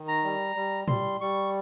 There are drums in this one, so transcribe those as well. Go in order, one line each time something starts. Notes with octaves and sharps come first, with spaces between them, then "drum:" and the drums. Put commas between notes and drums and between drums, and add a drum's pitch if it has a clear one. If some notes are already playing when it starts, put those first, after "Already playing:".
Already playing: D#3
A#5
G3
G3
G3 C6, drum: tom A2
G3 C#6